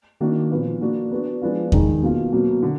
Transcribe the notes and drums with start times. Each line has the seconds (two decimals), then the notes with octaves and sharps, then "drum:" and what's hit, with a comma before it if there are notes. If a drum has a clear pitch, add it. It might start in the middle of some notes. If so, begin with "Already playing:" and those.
0.20 D#3 A#3 D4 F#4 D5
0.51 A#2 F3 B3 F4 B4
0.81 A#3 D4 F#4
1.11 B3 D4 F#4
1.42 F3 G#3 B3 D4 F4
1.72 D#3 G#3 D#4, drum: kick E2
2.02 B2 A#3 F4
2.32 B2 F#3 A#3
2.63 D3